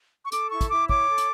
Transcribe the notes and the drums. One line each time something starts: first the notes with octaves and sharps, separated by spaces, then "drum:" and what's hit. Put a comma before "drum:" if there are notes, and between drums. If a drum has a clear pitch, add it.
C#6
A4 D6, drum: hi-hat
E4 C#6
drum: kick, hi-hat
E4 D6
C#5 D6, drum: kick
A4
drum: hi-hat